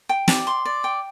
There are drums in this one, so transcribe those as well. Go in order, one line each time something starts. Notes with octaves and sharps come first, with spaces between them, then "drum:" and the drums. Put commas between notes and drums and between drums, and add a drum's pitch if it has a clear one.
G5
D5, drum: snare
C6
D5
G5